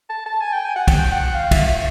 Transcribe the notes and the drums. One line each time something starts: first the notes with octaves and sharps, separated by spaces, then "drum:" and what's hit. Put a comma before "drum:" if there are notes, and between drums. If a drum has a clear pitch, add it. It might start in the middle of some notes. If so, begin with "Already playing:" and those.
A5
A5
G#5
G5
G#5
F#5
G5, drum: kick, cymbal
F#5
F5
E5, drum: kick, cymbal
E5